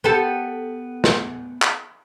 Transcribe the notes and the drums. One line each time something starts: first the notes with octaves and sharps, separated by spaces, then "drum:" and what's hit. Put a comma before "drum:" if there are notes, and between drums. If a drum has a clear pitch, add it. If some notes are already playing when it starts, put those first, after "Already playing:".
B3 G4 A4
drum: snare
drum: clap